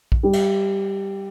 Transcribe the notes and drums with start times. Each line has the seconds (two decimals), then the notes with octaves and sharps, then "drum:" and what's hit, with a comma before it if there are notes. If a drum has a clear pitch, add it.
0.12 drum: kick A#1
0.23 G3
0.33 drum: cymbal